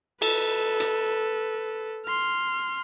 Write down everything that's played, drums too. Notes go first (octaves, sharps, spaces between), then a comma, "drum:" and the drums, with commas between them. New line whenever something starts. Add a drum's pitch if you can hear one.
A4 B4, drum: cymbal
drum: hi-hat
C6 F6